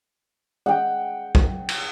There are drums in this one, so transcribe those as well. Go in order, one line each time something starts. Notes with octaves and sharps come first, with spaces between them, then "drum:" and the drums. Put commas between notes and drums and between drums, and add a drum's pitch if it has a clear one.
F#5 G5
drum: kick A1
drum: cymbal